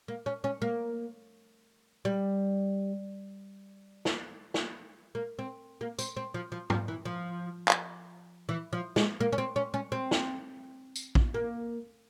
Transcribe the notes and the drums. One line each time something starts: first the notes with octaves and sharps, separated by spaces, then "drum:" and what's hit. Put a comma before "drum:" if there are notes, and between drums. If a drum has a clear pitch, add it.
A#3
C#4
C#4
A#3
G3
drum: snare
drum: snare
A#3
C4
A#3
C4, drum: tambourine
C4
F3
F3
F3, drum: tom
E3
F3
drum: clap
E3
F3
G#3, drum: snare
A#3
C#4
C4
C#4
C#4
C4
drum: snare
drum: tambourine
drum: kick A#1
A#3